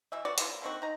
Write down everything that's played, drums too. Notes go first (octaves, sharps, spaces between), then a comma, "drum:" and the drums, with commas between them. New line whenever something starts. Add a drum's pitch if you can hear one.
B2 E3 E5
F#4 B4 D5
F#3 B3 E4 F4, drum: hi-hat
A#3
D3 D#3 C4 F#4
D#4 A#5